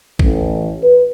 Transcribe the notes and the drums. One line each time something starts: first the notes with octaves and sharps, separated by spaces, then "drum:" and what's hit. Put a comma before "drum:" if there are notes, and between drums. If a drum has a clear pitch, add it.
A1, drum: kick
B4